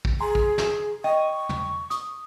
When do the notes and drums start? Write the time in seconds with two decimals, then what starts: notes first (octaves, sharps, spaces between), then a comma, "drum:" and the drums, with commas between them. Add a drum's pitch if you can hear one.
0.05 drum: kick
0.20 G#4 G#5 A#5 C6
0.35 drum: kick
0.58 drum: snare
1.04 D#5 G5 C#6
1.49 drum: tom
1.90 D#6, drum: hi-hat